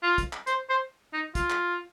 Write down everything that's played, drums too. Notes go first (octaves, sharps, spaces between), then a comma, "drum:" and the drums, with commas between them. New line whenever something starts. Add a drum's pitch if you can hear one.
F4
drum: kick, hi-hat
drum: clap
C5, drum: hi-hat
C5
D#4
F4, drum: kick, hi-hat
drum: clap